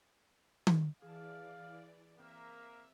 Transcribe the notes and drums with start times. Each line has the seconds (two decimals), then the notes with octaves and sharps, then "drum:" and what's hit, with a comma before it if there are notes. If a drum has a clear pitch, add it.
0.67 drum: tom D#3
1.02 E3 G#4 D5 F5 A5
2.18 A#3 C4 A#4 E5